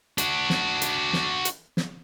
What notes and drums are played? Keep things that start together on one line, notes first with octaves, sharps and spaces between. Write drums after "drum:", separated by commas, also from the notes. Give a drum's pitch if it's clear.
D4 F#4, drum: hi-hat
drum: snare
drum: hi-hat
drum: snare
drum: hi-hat
drum: snare